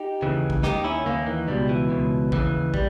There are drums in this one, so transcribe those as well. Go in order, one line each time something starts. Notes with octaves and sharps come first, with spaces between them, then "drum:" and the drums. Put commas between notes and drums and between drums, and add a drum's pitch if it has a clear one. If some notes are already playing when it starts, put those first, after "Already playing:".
Already playing: D#4 G4
D#2 C#3 E3
drum: kick
D#2 D#3 D#4 G4, drum: snare
C#4 E4
D#2 D#3 A#3 C#4
E3
C#2 B2 G3
E3
C#2 B2
D#2 C#3 E3, drum: kick
G3, drum: kick